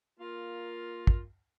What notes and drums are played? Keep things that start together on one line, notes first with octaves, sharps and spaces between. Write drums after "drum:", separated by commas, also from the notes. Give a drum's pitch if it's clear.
A#3 F4
drum: kick